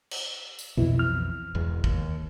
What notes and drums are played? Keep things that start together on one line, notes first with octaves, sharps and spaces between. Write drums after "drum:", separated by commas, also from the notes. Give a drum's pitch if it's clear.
drum: cymbal
drum: tambourine
B1 F2 B2 E3 E4
F6
E1 E2 G#2
D#2, drum: kick